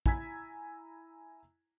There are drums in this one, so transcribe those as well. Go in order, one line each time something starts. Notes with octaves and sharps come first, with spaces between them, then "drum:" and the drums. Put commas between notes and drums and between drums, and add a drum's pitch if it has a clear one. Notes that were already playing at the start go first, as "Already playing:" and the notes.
E4 G#5 A#5 E6 G#6 B6, drum: kick